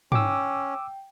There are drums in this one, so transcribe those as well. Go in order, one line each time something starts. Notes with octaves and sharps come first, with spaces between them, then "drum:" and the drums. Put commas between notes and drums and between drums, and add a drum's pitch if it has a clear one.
C#4 G5 D6 E6, drum: tom